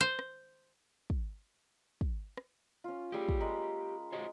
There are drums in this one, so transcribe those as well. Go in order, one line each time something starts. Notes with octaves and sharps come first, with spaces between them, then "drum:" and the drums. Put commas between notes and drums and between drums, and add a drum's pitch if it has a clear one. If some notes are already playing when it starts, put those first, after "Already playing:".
C5
drum: rim click
drum: kick
drum: kick
drum: rim click
C#4 F4
G3 G4 G#4 C#5
drum: kick
G#3 A#4 B5
G#3 F#4 C5 C#5